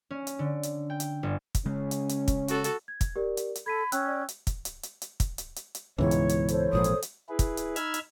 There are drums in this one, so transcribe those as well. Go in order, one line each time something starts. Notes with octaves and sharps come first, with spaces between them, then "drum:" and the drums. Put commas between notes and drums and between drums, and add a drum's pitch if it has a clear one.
C#4
drum: hi-hat
D3
drum: hi-hat
G5
drum: hi-hat
G1
drum: kick, hi-hat
C#3 G#3 C#4
drum: hi-hat
drum: hi-hat
drum: kick, hi-hat
F#4 A4, drum: hi-hat
drum: hi-hat
G#6
drum: kick, hi-hat
G4 A#4 D5
drum: hi-hat
drum: hi-hat
A4 B5 G#6 B6 D#7
C#4 G5 E6 F#6, drum: hi-hat
D5
drum: hi-hat
drum: kick, hi-hat
drum: hi-hat
drum: hi-hat
drum: hi-hat
drum: kick, hi-hat
drum: hi-hat
drum: hi-hat
drum: hi-hat
C#2 G#2 B2 E3 E4 C#5
drum: hi-hat
drum: hi-hat
A4 C5 C#5, drum: hi-hat
G#1 A#2 F3 D#6
drum: hi-hat
drum: hi-hat
E4 G#4 B4
drum: kick, hi-hat
drum: hi-hat
D#4 B5 E6 F6 G#6, drum: hi-hat
drum: hi-hat